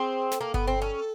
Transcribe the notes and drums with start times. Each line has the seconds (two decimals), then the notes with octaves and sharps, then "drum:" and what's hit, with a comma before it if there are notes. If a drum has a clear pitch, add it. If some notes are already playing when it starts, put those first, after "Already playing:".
Already playing: C4 G#4
0.31 A4, drum: snare
0.41 A#3
0.54 B3, drum: kick G1
0.67 C4
0.82 C#4